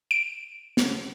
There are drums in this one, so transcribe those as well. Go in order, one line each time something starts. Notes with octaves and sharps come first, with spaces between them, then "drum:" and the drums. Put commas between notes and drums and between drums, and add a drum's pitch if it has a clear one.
D7
drum: snare